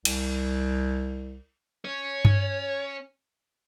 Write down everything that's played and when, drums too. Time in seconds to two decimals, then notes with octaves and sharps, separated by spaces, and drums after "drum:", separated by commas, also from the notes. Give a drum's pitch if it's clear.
0.05 C2, drum: cymbal
1.85 C#4 C#5
2.25 drum: tom G2